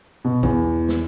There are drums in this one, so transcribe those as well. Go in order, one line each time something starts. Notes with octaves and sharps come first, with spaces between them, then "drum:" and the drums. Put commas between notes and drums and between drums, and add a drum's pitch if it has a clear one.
B2
E2, drum: kick B1
drum: snare